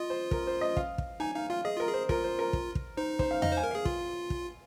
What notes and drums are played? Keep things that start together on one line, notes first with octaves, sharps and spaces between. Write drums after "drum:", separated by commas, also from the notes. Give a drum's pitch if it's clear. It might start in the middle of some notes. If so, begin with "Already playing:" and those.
Already playing: F4 D#5
C5
A#4, drum: kick
C5
D#5
F5, drum: kick
drum: kick
D#4 G#5
D#4 F5
F4 F5
G#4 D#5
F4 A#4
G#4
C5
F4 A#4, drum: kick
C5
A#4
drum: kick
drum: kick
D#4 C5
C5, drum: kick
F5
D#5 F5, drum: tom E2
C5
G#5
A#4
G#4 F5
F4, drum: kick
drum: kick